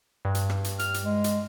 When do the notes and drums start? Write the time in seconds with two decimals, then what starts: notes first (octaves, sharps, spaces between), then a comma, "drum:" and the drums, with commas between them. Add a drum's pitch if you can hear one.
0.25 G2
0.35 drum: hi-hat
0.50 drum: rim click
0.64 drum: hi-hat
0.79 F6, drum: hi-hat
0.94 drum: hi-hat
1.03 G#3
1.24 drum: hi-hat